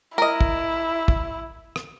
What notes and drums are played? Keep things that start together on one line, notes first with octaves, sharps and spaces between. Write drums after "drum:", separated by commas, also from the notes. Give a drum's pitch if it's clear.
E4 A#4 D#5
drum: kick
drum: kick
drum: rim click